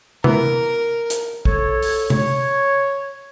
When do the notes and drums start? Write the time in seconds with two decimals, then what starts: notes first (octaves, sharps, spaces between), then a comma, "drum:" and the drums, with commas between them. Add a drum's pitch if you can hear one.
0.24 E3 B3 A#4, drum: tom C3
1.10 drum: hi-hat
1.45 A4 C#5, drum: kick A#1
1.82 drum: open hi-hat
2.10 C#5, drum: tom C3